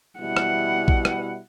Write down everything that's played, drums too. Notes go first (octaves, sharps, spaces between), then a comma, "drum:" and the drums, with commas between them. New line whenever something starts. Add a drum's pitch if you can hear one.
B2 G3 E4 F#5
drum: rim click
drum: kick A#1
drum: rim click